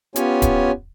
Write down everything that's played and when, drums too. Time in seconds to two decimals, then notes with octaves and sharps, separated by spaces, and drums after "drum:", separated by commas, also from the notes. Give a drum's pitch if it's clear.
0.16 B3 C#4 F4 G4 C#5 G#5, drum: hi-hat
0.42 drum: kick D1, hi-hat